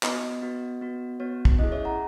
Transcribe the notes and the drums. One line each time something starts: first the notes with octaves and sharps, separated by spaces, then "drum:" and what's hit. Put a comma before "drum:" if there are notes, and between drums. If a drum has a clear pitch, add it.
B3 F#4 D#5, drum: clap
B3 F#4
B3 F#4
B3 F#4 C#5
drum: kick
C#4 E4 G#4 D#5
C#5 E5
F#5 A#5